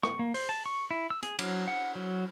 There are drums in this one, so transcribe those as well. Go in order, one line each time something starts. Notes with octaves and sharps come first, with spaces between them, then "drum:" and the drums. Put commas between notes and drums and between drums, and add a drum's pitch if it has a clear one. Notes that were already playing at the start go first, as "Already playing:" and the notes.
C#6, drum: rim click
A#3
C5, drum: open hi-hat
A5
C#6
E4
E6
G#4, drum: hi-hat
F#3, drum: cymbal
F#5
F#3